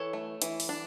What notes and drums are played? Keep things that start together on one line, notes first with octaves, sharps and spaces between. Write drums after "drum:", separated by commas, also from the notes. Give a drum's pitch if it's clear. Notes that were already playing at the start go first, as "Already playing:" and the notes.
Already playing: E3 A4 C#5
A3
E3, drum: hi-hat
drum: open hi-hat
D4